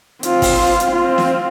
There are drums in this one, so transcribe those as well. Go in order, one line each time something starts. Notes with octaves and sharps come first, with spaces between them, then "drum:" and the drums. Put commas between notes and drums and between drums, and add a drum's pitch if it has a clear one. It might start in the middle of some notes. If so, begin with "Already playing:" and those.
C4 F4, drum: hi-hat
drum: kick, open hi-hat
drum: hi-hat
C4 F4
drum: snare